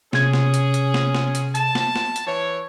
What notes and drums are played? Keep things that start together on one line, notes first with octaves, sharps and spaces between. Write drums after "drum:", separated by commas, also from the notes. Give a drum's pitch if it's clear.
C3 C#4 G#4 G#6, drum: snare
drum: snare
drum: hi-hat
drum: hi-hat
drum: snare
drum: snare
drum: hi-hat
A5, drum: hi-hat
drum: snare
drum: snare
drum: hi-hat
E3 C#5